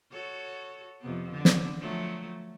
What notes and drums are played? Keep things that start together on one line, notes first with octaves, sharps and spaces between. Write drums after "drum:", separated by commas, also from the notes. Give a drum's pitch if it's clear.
F#4 A4 C#5
F2 C3 B3
D3
drum: snare
F3 F#3 A3